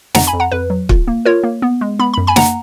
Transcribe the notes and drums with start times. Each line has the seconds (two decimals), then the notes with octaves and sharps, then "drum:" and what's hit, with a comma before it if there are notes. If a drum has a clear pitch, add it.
0.15 F2 F#5 A#5, drum: snare
0.27 G#5 B5
0.33 F2
0.40 F#5 A#5
0.51 F2 B4
0.70 F#3
0.89 F4, drum: kick
1.08 A#3
1.25 F4 A#4 C#5
1.43 A#3
1.62 B3
1.81 G#3
1.99 B3 B5
2.14 B5
2.18 F#2
2.27 G#5 B5
2.36 A#3 F#5 A#5, drum: snare